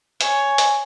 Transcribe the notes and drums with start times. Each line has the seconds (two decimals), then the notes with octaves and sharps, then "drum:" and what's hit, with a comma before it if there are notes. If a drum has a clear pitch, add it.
0.21 C#5 G#5, drum: hi-hat
0.58 drum: hi-hat